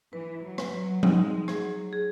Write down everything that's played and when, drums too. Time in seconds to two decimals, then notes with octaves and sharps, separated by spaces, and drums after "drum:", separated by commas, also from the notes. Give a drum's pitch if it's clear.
0.13 E3 B4
0.43 F#3
0.58 B4, drum: rim click
0.73 F#3
1.03 G#3 D#4, drum: tom F3
1.48 F#3 G#4, drum: rim click
1.93 G#4